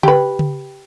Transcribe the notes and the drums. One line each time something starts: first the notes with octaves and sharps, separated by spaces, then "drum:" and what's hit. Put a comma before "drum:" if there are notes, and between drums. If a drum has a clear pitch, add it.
G4 B4, drum: tom C#3
drum: tom C#3